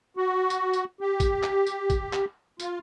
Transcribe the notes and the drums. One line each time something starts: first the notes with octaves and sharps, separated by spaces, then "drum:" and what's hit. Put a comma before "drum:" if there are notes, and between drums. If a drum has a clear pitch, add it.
F#4
drum: tambourine
drum: tambourine
G4
drum: kick, tambourine
drum: clap
drum: tambourine
drum: kick, tambourine
drum: clap
F4, drum: tambourine